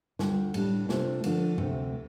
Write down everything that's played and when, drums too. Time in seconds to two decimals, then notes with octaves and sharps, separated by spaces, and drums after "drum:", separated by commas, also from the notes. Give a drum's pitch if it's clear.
0.19 D2 D3 G3 F4, drum: snare
0.54 A2 G3 D4, drum: cymbal
0.89 C3 A3 D4 F4 C5, drum: snare
1.24 D3 F3 A3 D4 F4, drum: cymbal
1.58 D2 C3 A3, drum: tom F2